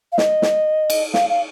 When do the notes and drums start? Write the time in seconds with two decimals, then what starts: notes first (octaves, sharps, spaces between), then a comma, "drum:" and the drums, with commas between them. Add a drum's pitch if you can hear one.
0.12 F5
0.18 D#5, drum: snare
0.42 drum: snare
0.90 drum: cymbal
1.14 F5, drum: snare
1.30 F5